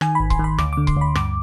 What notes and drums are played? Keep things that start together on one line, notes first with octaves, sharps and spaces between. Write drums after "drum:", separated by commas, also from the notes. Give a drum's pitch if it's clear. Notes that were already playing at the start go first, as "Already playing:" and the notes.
D#3 G#5, drum: rim click
G#1 B5
C6, drum: kick C#1
D#3 B5
D2 D6, drum: rim click
D3 D6
C6, drum: kick C#1
D2 B5
G2 D6, drum: rim click